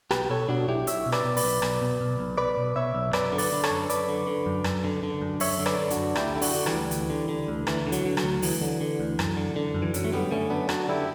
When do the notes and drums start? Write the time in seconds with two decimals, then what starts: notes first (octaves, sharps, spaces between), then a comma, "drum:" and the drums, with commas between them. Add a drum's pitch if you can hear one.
0.11 B1 G4 B4, drum: rim click
0.30 B2 A4 C#5
0.49 B2 D4 F#4
0.68 B1 E4 G4
0.87 B1 C#5 E5, drum: hi-hat
1.06 B2
1.12 B4 D5, drum: rim click
1.24 B2
1.37 B4 D5, drum: open hi-hat
1.43 B1
1.62 B1, drum: rim click
1.81 B2
2.01 B2
2.19 B1
2.38 B1 B4 D5
2.57 B2
2.76 B2 C#5 E5
2.95 B1
3.13 F#2 B4 D5, drum: rim click
3.32 D3
3.38 B4 D5, drum: open hi-hat
3.52 D3
3.64 A4 C#5, drum: rim click
3.71 F#2
3.90 F#2 B4 D5, drum: hi-hat
4.09 D3
4.27 D3
4.46 F#2
4.64 F#2, drum: rim click
4.84 D3
5.03 D3
5.22 F#2
5.40 F#2 C#5 E5, drum: open hi-hat
5.59 D3
5.66 B4 D5, drum: rim click
5.79 D3
5.90 D4 F#4, drum: hi-hat
5.97 F#2
6.15 D2 E4 G4, drum: rim click
6.35 D3 E4
6.42 D4 F#4, drum: open hi-hat
6.54 D3
6.66 E3 G3, drum: rim click
6.73 D2
6.91 D2, drum: hi-hat
7.10 D3
7.29 D3
7.48 D2
7.67 D2 E3, drum: rim click
7.87 D3
7.92 F#3, drum: hi-hat
8.05 D3
8.17 F#3, drum: rim click
8.24 D2
8.42 D2 E3, drum: open hi-hat
8.62 D3
8.81 D3
8.99 D2
9.19 F#2, drum: rim click
9.37 D3
9.56 D3
9.74 F#2
9.82 E3
9.94 F#2 F#3, drum: hi-hat
10.04 A3
10.12 D3 G3 B3
10.31 D3 A3 C#4
10.50 F#2 B3 D4
10.69 F#2 D4 F#4, drum: rim click
10.89 D3 E4 G4